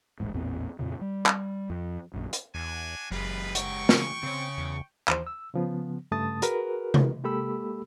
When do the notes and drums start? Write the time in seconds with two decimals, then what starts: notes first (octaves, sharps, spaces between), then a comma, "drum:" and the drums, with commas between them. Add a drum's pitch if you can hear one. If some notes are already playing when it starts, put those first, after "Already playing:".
0.20 D#1 A1 G#2
0.34 A1 E2 A#2 C4
0.79 F2 A#2 C#3
1.01 G3
1.26 drum: clap
1.70 F2
2.14 A#1 F#2
2.33 drum: hi-hat
2.55 E2 D4 F#4 G#5
3.11 F#1 F#3 F4 G4 G#4 B4
3.55 G#3 G4 F#5 G5 C#6, drum: hi-hat
3.89 C#3, drum: snare
4.23 C#3 C4 C#5
4.58 E2
5.08 D#2 E3 C5, drum: clap
5.27 E6
5.54 C#3 F3 B3
6.12 G2 C#3 A3 A5 D#6 A6
6.42 F#4 G#4 A#4 B4, drum: hi-hat
6.94 drum: tom C3
7.24 G#3 A#3 G4 A4 B5 E6